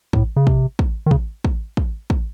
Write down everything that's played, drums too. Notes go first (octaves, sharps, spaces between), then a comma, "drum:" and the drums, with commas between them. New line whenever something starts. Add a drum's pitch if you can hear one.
A2, drum: kick
C#3
C3, drum: kick
drum: kick
D#3
C#3, drum: kick
drum: kick
drum: kick
drum: kick